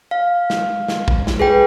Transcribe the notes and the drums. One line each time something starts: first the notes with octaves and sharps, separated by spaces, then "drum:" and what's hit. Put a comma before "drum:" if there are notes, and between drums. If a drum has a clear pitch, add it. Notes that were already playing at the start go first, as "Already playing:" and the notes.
F5
drum: snare
drum: snare
drum: kick A#1
drum: snare
G#4 B4 G5